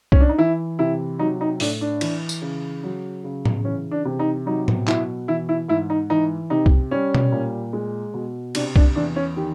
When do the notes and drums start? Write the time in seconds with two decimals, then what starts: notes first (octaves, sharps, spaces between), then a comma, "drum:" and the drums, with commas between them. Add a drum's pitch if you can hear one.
0.12 C#4, drum: kick C2
0.21 D4
0.29 D#4
0.38 E3 E4
0.79 C3 E4
1.19 F#3 D#4
1.41 D#4
1.60 A2 D4, drum: open hi-hat
1.81 D4
2.01 E3, drum: cymbal
2.29 drum: tambourine
2.42 C#3
2.83 F#3
3.24 C#3
3.45 drum: tom A2
3.65 E3 C#4
3.91 D4
4.05 C3
4.19 D#4
4.46 F#3 D#4
4.68 drum: tom A2
4.87 B2 E4, drum: clap
5.28 E3 E4
5.49 E4
5.68 G#2 E4
5.90 D#4
6.10 E3 D#4
6.50 C3 D#4
6.66 drum: kick C2
6.91 G3 C#4
7.15 drum: tom B2
7.32 A#2
7.73 G#3
8.14 B2
8.55 C3 D4, drum: cymbal
8.76 D4, drum: kick C2
8.95 E2 D4
9.16 C#4
9.36 D#3 G4